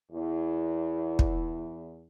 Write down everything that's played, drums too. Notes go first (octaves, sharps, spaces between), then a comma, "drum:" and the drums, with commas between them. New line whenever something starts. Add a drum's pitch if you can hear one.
E2 E4
drum: kick